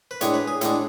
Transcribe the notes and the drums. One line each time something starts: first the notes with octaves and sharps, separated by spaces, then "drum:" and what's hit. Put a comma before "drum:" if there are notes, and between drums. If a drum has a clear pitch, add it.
B4
A2 G#3 D4 C#5, drum: hi-hat
B4
G#4
A2 G#3 D4 A4, drum: hi-hat